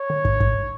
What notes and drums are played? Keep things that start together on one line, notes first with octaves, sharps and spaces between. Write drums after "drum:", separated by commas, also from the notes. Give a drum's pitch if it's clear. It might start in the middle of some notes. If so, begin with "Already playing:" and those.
Already playing: C#5
D#3
G#2, drum: kick
G#2, drum: kick